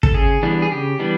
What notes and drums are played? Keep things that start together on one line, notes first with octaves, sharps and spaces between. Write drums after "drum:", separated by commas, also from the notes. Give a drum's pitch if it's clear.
A4, drum: kick
C#3 G#4
E3 G3 B3 D4
G#4
C#3 G4
E3 G3 B3 D4